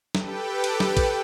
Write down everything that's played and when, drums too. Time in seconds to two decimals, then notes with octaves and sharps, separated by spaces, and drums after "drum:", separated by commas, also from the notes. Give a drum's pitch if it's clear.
0.15 G4 A4 B4 G5, drum: snare
0.64 drum: cymbal
0.80 drum: snare
0.97 drum: kick, cymbal